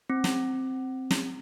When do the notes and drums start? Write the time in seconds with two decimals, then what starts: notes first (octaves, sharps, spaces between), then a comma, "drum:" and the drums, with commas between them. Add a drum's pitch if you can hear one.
0.10 C4
0.24 drum: snare
1.11 drum: snare